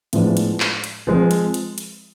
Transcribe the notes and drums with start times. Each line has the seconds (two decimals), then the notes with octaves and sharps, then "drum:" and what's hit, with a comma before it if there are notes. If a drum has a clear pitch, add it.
0.13 A2 F3 G#3 B3 D4, drum: hi-hat
0.37 drum: hi-hat
0.60 drum: clap
0.84 drum: hi-hat
1.07 F3 G#3 C4
1.31 drum: hi-hat
1.54 drum: hi-hat
1.78 drum: hi-hat